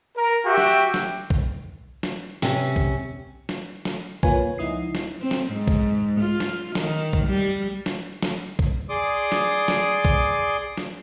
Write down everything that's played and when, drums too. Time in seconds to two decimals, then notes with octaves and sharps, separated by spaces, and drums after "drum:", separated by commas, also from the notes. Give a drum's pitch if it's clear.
0.17 A#4
0.46 F#4 G4 E5 G5
0.58 drum: snare
0.94 drum: snare
1.30 drum: kick
2.03 drum: snare
2.42 C3 C#4, drum: snare
2.76 drum: kick
3.49 drum: snare
3.85 drum: snare
4.23 A#3 F4 B4 C#5 G#5, drum: kick
4.58 C#2 F3 D#4 E4 D#6 C7
4.95 drum: snare
5.21 C4
5.31 drum: snare
5.52 G#2
5.68 drum: kick
6.20 F4
6.40 drum: snare
6.75 D#3, drum: snare
7.13 drum: kick
7.26 G3
7.86 drum: snare
8.23 drum: snare
8.59 drum: kick
8.89 G#4 D5 C6 D6 D#6
9.32 drum: snare
9.68 drum: snare
10.05 drum: kick
10.77 drum: snare